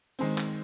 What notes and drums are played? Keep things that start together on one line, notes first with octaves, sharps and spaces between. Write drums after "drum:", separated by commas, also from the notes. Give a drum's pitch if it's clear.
D#3 G#3 C4, drum: open hi-hat
drum: clap